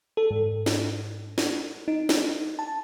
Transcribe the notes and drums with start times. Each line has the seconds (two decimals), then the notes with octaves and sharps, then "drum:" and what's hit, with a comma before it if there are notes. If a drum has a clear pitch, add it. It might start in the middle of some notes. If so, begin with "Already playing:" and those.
0.17 A4
0.31 G#2
0.66 drum: snare
1.38 drum: snare
1.88 D#4
2.09 drum: snare
2.59 A5